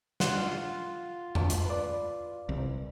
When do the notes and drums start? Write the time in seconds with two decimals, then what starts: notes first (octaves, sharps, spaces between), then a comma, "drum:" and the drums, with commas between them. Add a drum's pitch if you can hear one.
0.20 F4 F#5 C6, drum: snare
1.35 drum: tom F2
1.50 drum: hi-hat
1.66 B4 D5
2.49 C2